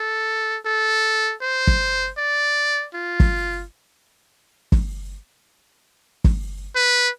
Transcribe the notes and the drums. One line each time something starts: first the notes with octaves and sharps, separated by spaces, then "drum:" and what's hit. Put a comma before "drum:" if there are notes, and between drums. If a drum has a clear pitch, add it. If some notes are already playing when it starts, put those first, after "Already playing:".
Already playing: A4
A4
C5
drum: kick
D5
F4
drum: kick
drum: kick
drum: kick
B4